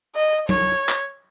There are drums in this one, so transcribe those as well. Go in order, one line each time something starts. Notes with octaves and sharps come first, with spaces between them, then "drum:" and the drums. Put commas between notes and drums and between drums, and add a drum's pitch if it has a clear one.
D#5
C#5, drum: tom F#3
drum: clap